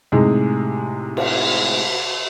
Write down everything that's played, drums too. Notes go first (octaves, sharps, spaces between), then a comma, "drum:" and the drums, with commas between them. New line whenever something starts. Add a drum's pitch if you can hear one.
A2 C3 G#3 D#4 G#4
drum: cymbal